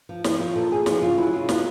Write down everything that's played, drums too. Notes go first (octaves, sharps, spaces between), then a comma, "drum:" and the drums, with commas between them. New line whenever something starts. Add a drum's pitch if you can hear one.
F3
F3, drum: snare
F3
A#2 A4
A#2 G#4
F3 F#4, drum: snare
C#3 F4
F#3 E4
C#3 F4
F#3 F4, drum: snare